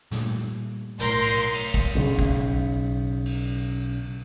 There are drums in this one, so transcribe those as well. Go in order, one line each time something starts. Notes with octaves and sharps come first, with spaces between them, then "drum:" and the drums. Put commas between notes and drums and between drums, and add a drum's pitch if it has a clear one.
A#2 G3 A3, drum: snare
B1 A2 A#4 C6, drum: cymbal
drum: cymbal
drum: cymbal
drum: kick
B1 C#3
drum: kick
drum: cymbal